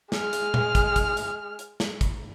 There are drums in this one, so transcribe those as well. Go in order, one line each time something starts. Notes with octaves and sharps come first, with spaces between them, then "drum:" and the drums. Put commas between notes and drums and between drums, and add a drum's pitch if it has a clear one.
G#3 F6, drum: snare
drum: hi-hat
drum: tom A#2
drum: kick, hi-hat
drum: kick, hi-hat
drum: hi-hat
drum: hi-hat
drum: snare
drum: kick, hi-hat